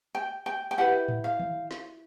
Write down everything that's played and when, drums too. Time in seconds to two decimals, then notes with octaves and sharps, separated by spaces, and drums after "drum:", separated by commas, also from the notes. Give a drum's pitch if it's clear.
0.15 G5
0.46 G5
0.71 G5
0.78 E4 G4 B4 F#5
1.08 drum: tom A2
1.24 F5
1.39 drum: tom D#3
1.71 drum: snare